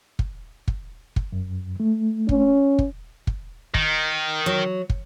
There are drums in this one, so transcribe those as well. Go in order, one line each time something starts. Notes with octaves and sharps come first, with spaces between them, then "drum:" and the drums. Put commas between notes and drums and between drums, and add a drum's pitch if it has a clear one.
drum: kick
drum: kick
drum: kick
F#2
A3
C#4, drum: kick
drum: kick
drum: kick
D#3, drum: kick
F#3
drum: kick